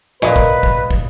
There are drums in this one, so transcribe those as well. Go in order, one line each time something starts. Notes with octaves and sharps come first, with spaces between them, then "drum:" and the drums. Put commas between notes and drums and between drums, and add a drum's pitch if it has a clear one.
A#2 B4 D#5
drum: kick
drum: kick
drum: kick